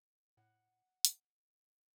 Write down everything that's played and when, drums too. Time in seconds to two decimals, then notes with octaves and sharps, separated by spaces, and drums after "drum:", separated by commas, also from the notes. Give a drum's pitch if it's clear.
0.37 A2 F#5
1.05 drum: hi-hat